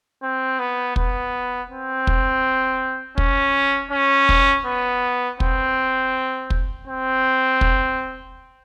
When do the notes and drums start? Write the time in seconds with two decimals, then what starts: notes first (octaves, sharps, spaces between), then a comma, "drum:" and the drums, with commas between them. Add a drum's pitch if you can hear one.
0.23 C4
0.59 B3
0.96 B3, drum: kick
1.70 C4
2.07 drum: kick
3.18 C#4, drum: kick
3.92 C#4
4.29 drum: kick
4.65 B3
5.40 C4, drum: kick
6.50 drum: kick
6.87 C4
7.61 drum: kick